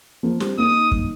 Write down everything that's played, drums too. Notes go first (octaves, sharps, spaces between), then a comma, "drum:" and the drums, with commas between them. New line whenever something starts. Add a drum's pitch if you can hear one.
F3 A#3
G3 C4, drum: snare
A#3 D#4 D#6
drum: kick F#2